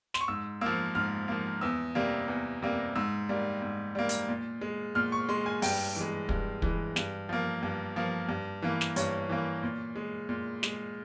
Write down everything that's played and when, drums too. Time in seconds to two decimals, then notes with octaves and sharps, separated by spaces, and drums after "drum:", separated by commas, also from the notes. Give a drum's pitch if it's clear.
0.14 C6, drum: snare
0.21 C#6
0.28 G#2 E6
0.61 F3 A#3 E6
0.95 G#2 F6
1.28 F3 A#3
1.61 E2 E6
1.95 C3 G3 A#3
2.28 E2
2.62 C3 G3 A#3
2.96 G#2 E6
3.29 G3 A#3
3.62 G#2
3.95 G3 A#3
4.09 drum: hi-hat
4.28 A#2
4.61 G#3
4.95 A#2 F6
5.12 C#6
5.29 G#3 C6
5.46 G#5
5.62 G2 G5, drum: open hi-hat
5.96 E3 G#3
6.29 G2, drum: kick
6.62 E3 G#3, drum: kick
6.96 G2, drum: snare
7.29 F3 A#3
7.63 G2
7.96 F3 A#3
8.29 G2
8.62 E3 A#3
8.81 drum: snare
8.96 G2 C#5, drum: hi-hat
9.29 E3 A#3
9.63 A#2
9.96 G#3
10.29 A#2
10.63 G#3, drum: snare